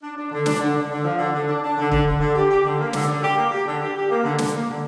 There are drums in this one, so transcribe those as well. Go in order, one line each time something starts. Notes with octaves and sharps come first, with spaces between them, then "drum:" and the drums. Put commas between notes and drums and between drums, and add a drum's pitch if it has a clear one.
D4
D4
D3
D4, drum: snare
D3
D3
D3
F3
D3
D3
D4
D4
D3
D3, drum: kick
D3
D3
G4
G4
D3
A#3
D3, drum: snare
D3
G4
A#3
G4
D3
G4
G4
A#3
D3
D3, drum: snare
A#3
D3